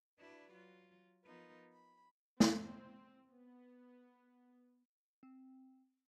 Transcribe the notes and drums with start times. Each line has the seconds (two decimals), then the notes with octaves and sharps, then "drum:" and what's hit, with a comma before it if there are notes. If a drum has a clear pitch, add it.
0.19 D4 E4 F#4 B4 D5
0.53 F#3 F4
1.24 F3 B3 D#4 F4 A#4 B4
1.73 B5
2.40 C4, drum: snare
3.29 B3
5.23 C4